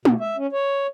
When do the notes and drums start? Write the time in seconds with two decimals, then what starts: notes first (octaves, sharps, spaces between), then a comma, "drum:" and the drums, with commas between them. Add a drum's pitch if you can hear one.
0.05 B2, drum: tom
0.20 E5
0.37 C#4
0.52 C#5